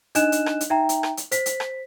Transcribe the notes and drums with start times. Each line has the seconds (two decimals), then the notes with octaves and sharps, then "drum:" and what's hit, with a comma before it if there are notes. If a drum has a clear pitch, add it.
0.15 D4 D#4 D#5 G#5 F#6 E7, drum: hi-hat
0.32 drum: hi-hat
0.46 drum: rim click
0.61 drum: hi-hat
0.70 D#4 E5 G5 A#5
0.89 drum: hi-hat
1.03 drum: rim click
1.17 drum: hi-hat
1.32 C5 B6, drum: hi-hat
1.46 drum: hi-hat
1.60 drum: rim click